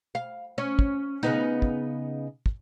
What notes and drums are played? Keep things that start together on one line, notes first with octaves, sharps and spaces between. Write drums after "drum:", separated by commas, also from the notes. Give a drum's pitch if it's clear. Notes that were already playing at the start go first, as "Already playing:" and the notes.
F5
C#4
drum: kick
C#3 B3 D#4
drum: kick
drum: kick